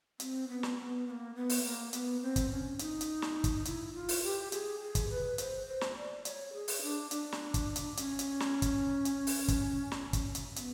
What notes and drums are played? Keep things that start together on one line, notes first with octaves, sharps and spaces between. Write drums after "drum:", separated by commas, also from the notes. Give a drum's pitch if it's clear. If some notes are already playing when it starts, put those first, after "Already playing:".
C4, drum: hi-hat
B3
drum: snare
B3
B3
A#3
B3
drum: open hi-hat
A#3
B3, drum: hi-hat
C4
drum: kick, hi-hat
C#4
D#4, drum: hi-hat
drum: hi-hat
drum: snare
drum: kick, hi-hat
E4, drum: hi-hat
F4
drum: open hi-hat
G4
G#4, drum: hi-hat
G#4
drum: kick, hi-hat
B4
C5, drum: hi-hat
C5
drum: snare
D5
D5, drum: hi-hat
C#5
G#4
drum: open hi-hat
D4
D4, drum: hi-hat
drum: snare
drum: kick, hi-hat
drum: hi-hat
C#4, drum: hi-hat
drum: hi-hat
drum: snare
drum: kick, hi-hat
drum: hi-hat
drum: open hi-hat
drum: kick, hi-hat
drum: snare
drum: kick, hi-hat
drum: hi-hat
B3, drum: hi-hat